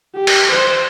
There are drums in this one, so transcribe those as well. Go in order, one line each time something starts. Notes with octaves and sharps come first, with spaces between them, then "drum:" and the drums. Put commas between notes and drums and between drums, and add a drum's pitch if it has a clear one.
G4
drum: cymbal
C5